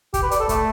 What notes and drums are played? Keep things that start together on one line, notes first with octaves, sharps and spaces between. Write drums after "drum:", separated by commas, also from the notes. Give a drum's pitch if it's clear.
G4, drum: kick, hi-hat
B4
D5, drum: hi-hat
A4
A3, drum: kick, hi-hat